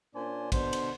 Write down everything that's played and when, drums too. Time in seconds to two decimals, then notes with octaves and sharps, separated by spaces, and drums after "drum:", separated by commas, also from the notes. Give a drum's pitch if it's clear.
0.14 A#2 C#4 D4 C5 D5 G#5
0.52 B2 D3 D4 C5, drum: kick A1, cymbal
0.73 drum: cymbal